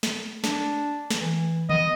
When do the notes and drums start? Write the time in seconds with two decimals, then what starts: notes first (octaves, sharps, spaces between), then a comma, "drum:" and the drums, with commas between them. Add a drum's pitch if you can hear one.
0.03 drum: snare
0.44 D4, drum: snare
1.10 drum: snare
1.20 E3
1.70 B3 D#5, drum: tom D3